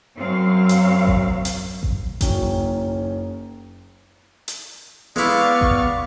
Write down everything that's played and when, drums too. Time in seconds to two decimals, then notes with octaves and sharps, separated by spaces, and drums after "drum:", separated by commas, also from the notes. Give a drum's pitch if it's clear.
0.17 F#2 F#3 C4 F5
0.69 drum: hi-hat
1.07 drum: kick A1
1.45 drum: hi-hat
1.83 drum: kick A1
2.21 F#1 F#3 C#4 D#4 G5 G7, drum: kick A1, hi-hat
4.48 drum: hi-hat
5.16 G#3 B3 E4 D5 F5 C#6
5.61 drum: kick A1